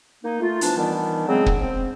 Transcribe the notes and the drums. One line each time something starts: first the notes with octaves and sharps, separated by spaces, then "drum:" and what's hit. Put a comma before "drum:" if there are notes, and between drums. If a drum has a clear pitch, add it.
A#3 D#4
A3 F4
E3 F3 B3 D4 A5, drum: hi-hat
D#3 E3 G3 B3 D4
C#3 F#3 G#3 B3 C4
drum: kick
C4